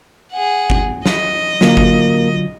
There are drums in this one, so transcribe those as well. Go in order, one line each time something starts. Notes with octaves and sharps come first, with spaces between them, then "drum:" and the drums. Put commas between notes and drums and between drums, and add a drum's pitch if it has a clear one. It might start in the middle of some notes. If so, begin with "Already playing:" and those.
G#4 F#5
drum: kick G1
D#5, drum: snare
D3 F#3 A#3 F4, drum: snare
drum: kick G1